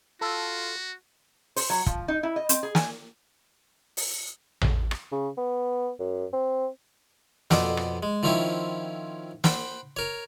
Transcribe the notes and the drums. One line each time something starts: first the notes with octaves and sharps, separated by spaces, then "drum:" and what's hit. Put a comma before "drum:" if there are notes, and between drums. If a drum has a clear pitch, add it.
F4 F#4 A4
C5, drum: open hi-hat
F#3
F3, drum: kick
D#4
E4
D#5
C4, drum: hi-hat
G#4
G#5, drum: snare
drum: open hi-hat
drum: tom A1
drum: rim click
C#3
B3
F#2
C4
F2 B2 A4 C5 D5 D#6, drum: snare
drum: rim click
G#3
D#3 F3 C4 C#4 E4 C#5
C5 F#5 G5 B5, drum: snare
A#4 C#5